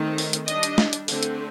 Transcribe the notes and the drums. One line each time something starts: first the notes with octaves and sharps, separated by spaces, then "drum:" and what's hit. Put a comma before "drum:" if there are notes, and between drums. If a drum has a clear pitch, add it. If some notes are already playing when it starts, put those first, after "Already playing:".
Already playing: D#3 A3 C4
drum: open hi-hat
drum: hi-hat
G3 D4 D#5, drum: hi-hat
drum: hi-hat
drum: snare
drum: hi-hat
D3 A3 C4, drum: open hi-hat
drum: hi-hat